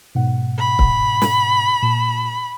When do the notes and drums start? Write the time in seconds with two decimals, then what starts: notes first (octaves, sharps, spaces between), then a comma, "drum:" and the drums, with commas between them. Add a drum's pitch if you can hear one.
0.15 G#2 B2 F#5
0.59 B5
0.79 drum: kick C#1
1.22 drum: snare
1.83 A#2 A5 E7